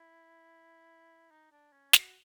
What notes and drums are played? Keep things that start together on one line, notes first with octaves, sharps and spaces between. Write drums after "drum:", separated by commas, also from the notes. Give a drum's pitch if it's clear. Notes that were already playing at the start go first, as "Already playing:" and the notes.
Already playing: E4
D#4
D4
C#4
F#4, drum: snare